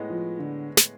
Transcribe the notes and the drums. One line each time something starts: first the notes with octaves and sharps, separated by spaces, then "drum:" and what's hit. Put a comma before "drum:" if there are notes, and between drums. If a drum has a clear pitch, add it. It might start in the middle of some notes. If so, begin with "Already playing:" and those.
Already playing: A2 G#3 B3
F3
D3
drum: snare